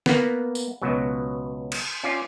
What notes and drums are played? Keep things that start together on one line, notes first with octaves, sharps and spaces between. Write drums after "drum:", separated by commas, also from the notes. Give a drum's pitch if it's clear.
A#3 B3, drum: snare
drum: tambourine
C#2 B2 F#3
drum: cymbal
C#4 F4 D5